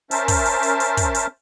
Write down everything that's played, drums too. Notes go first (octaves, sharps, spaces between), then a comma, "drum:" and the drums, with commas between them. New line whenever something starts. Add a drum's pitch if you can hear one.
C#4 A#4 C5 E5 A5, drum: hi-hat
drum: kick, open hi-hat
drum: hi-hat
drum: hi-hat
drum: hi-hat
drum: kick, hi-hat
drum: hi-hat